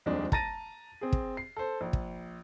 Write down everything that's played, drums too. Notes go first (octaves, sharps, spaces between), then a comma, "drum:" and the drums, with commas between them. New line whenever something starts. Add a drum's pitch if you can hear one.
D#1 F2 G#3 D4
A5 A#5 A6 A#6 D#7, drum: kick
C4 G#4
drum: kick
C7
A4 C5
A#1
drum: kick